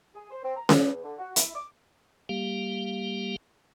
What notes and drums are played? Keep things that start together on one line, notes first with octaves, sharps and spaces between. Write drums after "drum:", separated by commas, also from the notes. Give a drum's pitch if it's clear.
G#4
C5
C4
A#5
D5, drum: snare C#4
E2
D3
F#4
E4, drum: hi-hat
D6
G3 A#3 G4 F5